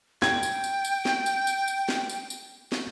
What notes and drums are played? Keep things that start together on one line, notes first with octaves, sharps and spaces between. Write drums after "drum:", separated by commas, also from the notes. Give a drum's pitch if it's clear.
G5 G#6, drum: snare
drum: tambourine
drum: tambourine
drum: tambourine
drum: snare
drum: tambourine
drum: tambourine
drum: tambourine
drum: snare
drum: tambourine
drum: tambourine
drum: snare